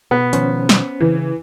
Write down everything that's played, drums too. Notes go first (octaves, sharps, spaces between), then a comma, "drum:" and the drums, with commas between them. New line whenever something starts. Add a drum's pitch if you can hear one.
B2 B3
B2 D#3 F3 C#4 C5, drum: hi-hat
drum: snare
C#3 E3